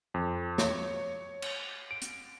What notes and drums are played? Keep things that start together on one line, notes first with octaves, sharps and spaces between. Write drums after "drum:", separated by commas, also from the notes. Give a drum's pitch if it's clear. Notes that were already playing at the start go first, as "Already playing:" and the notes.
F2
C#5, drum: snare
drum: cymbal
D7
drum: hi-hat